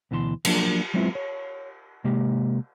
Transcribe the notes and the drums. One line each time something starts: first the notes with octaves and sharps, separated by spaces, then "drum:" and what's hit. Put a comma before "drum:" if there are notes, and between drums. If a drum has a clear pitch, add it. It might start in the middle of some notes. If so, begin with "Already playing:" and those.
D2 B2 E3 A5 C6
F3 F#3 A#3 D4 F4 A#4, drum: cymbal
F#3 G#3 B3 C4 E4 F4
C#5
C3 G#3 A#3 G4